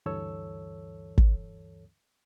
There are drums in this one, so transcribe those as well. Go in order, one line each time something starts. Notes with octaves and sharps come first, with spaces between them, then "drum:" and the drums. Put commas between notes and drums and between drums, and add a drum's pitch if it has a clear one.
D2 G2 E3 A4 C#5 E6
drum: kick